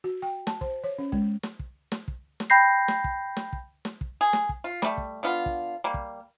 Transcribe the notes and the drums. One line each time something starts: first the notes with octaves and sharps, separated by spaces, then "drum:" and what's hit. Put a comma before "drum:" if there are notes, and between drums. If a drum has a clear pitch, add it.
F#4
G5
A5, drum: snare
C5, drum: kick
C#5
C#4
G#3, drum: kick
drum: snare
drum: kick
drum: snare
drum: kick
drum: snare
G5 B5 G6 A#6 C7
drum: snare
drum: kick
drum: snare
drum: kick
drum: snare
drum: kick
G#4
drum: snare
drum: kick
F4
G3 A3, drum: snare
drum: kick
D3 B3 F4
drum: kick
G3 A#3
drum: kick